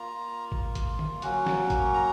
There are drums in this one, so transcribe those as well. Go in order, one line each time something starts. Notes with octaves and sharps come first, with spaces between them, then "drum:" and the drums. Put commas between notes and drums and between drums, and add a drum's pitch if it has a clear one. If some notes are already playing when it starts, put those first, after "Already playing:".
Already playing: A#3 F4 A#5
drum: kick G#1
drum: kick G#1, hi-hat
drum: tom D3
F#3 A#3 C#4 F#4, drum: hi-hat
drum: snare
drum: kick G#1, hi-hat
A#5